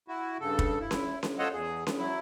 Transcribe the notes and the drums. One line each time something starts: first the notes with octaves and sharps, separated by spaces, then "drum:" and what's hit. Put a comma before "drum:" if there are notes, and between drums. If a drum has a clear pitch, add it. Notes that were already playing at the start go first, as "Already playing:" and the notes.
E4 F#4
G2 C#3 A4
drum: kick
E4
drum: snare C#4
drum: snare C#4
F4 A4 C5 C#5 D#5 F#5
E2 G#4
drum: snare C#4
F#3 E4